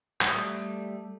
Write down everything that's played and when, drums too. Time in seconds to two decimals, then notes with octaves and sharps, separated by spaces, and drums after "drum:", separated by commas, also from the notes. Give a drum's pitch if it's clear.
0.21 G3 A3 D#6, drum: clap